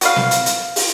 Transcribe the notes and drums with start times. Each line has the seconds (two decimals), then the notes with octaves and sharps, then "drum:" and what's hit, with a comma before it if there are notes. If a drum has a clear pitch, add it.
0.01 F#4 B4 F5, drum: hi-hat
0.16 drum: snare
0.31 drum: hi-hat
0.46 drum: hi-hat
0.76 drum: open hi-hat